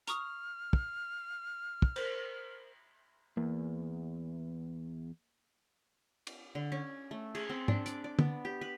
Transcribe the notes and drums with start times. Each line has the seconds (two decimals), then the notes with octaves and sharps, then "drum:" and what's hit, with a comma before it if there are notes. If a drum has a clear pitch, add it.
0.07 A#5 C#6 D#6 F6, drum: hi-hat
0.73 drum: kick
1.82 drum: kick
1.96 A#4 C5, drum: cymbal
3.37 E2 A#3
6.27 drum: cymbal
6.55 D3
6.72 C#4
7.11 A3
7.35 G#4, drum: cymbal
7.49 C4
7.68 D4, drum: tom G#2
7.86 D5, drum: hi-hat
8.04 D5
8.19 B3, drum: tom
8.45 G4
8.61 B4